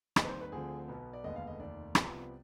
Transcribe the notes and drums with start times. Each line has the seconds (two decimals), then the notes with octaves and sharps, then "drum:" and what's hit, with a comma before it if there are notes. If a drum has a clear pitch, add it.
0.16 D#2 D#3 G3 C4 D#5, drum: rim click
0.23 B4
0.28 C5
0.41 B4
0.52 D2 D3 F3 C4 G#4
0.88 B1 B2 B3
1.13 D5
1.24 F1 D#2 D3 G#3 B3 D#5
1.36 F5
1.47 D#5
1.60 F1 D#2 D#3 D5
1.95 C2 C3 F3 B3, drum: rim click